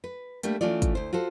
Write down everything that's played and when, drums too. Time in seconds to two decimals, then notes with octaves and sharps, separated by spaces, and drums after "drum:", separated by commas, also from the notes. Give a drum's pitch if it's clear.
0.04 B4
0.43 G3 A3 A#3 D4 A4, drum: hi-hat
0.61 E3 A3 C#4 F4 D5
0.82 drum: kick, hi-hat
0.95 D2 C5
1.13 F4 F#4 A4 C5